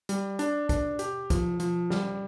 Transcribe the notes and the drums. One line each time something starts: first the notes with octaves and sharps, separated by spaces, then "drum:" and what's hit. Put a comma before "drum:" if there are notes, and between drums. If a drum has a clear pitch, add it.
G3, drum: hi-hat
D4, drum: hi-hat
D4, drum: kick, hi-hat
G4, drum: hi-hat
F3, drum: kick, hi-hat
F3, drum: hi-hat
G3, drum: snare